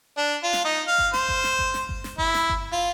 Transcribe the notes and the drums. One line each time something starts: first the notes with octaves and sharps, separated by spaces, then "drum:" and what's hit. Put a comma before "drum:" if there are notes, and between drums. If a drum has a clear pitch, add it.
D4
F4
drum: snare
D#4
F5
drum: kick G1
C5, drum: snare
drum: kick G1
drum: snare
drum: kick G1
drum: snare
drum: kick G1
drum: snare
E4, drum: kick G1
drum: snare
drum: kick G1
F4